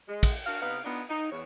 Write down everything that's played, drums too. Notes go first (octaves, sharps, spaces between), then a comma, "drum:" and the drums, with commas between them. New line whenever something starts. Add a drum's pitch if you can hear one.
G#3
drum: kick, cymbal
D4 F#4 A#4 F5
C3 B3 D#4 B4 F5
B3 D4 D#4 F4
D#4
E2 C#5